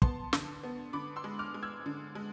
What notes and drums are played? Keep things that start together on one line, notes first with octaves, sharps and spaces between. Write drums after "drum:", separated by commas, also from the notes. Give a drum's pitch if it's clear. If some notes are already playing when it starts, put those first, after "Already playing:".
B3 A5 C6, drum: kick
D3, drum: snare
B3
D3 B5 D6
C6 E6
G#3
D6 F6
G#3
E6 G#6
D3
G#3